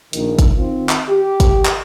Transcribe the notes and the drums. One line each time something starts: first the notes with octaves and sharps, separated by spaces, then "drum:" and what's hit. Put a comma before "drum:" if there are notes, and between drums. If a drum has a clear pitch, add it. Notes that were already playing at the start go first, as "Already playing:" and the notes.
A#1 D#3, drum: hi-hat
drum: kick, hi-hat
D#3 C4 F4
drum: clap
G4
drum: kick, hi-hat
drum: clap